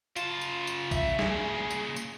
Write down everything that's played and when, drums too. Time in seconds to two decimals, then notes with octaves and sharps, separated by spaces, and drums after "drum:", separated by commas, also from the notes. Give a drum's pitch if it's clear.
0.16 C#3 F4 A5, drum: tambourine
0.41 drum: tambourine
0.67 drum: tambourine
0.91 E5, drum: kick A#1, tambourine
1.19 A#2 C#3 G#4, drum: snare
1.71 drum: tambourine
1.96 drum: tambourine